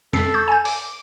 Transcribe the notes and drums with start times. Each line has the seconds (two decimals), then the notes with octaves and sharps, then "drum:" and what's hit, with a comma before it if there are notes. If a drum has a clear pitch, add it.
0.13 F2 A4 B6 C7, drum: snare
0.34 C#6 G6
0.48 G#5 G6
0.65 D6, drum: open hi-hat